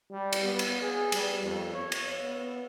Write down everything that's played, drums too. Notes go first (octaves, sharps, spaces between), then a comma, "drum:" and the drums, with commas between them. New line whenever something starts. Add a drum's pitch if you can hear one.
G3
drum: cymbal
B3
drum: cymbal
G#4
G3, drum: cymbal
F2
C#5
drum: cymbal
B3